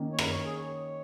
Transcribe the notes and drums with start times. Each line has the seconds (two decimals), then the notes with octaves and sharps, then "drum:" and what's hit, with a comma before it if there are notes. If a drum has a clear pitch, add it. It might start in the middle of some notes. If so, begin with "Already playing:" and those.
Already playing: D#3 A#3 C#4
0.13 C#5
0.19 A#4, drum: rim click
0.31 C#5
0.45 G#4
0.58 C#5